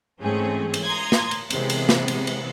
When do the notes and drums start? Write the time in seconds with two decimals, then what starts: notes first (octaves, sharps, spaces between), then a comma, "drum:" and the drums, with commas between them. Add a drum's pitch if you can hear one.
0.20 G#2 E3 A3 C4 C#4 G#4
0.74 drum: cymbal
0.85 A#5 C6 D#6 G#6
1.12 drum: snare
1.31 drum: cymbal
1.50 C3 E3 G#3 B3, drum: cymbal
1.70 drum: cymbal
1.89 drum: snare
2.08 drum: cymbal
2.27 drum: cymbal